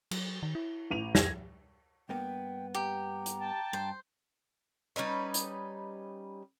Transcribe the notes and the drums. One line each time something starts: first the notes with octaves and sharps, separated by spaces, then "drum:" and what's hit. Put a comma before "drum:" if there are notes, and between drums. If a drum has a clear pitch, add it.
F#3, drum: cymbal
D#3
E4
A1 D#7 F7
F2 G#6 A#6, drum: snare
G2 A#3 B3 G5
G4 A#5
drum: hi-hat
G5 A5
G2 C5
G3 C#4 D#4 B4
drum: hi-hat